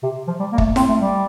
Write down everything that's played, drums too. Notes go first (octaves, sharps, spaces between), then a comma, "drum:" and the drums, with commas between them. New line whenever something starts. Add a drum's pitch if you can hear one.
C3
F3
G3
A#3
A3, drum: kick
C4, drum: snare E4
A3
G3